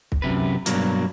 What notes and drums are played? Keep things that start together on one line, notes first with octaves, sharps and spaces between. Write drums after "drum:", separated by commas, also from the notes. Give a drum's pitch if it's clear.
drum: kick
F#2 C3 B4
G2 B2 F#3 A#3, drum: hi-hat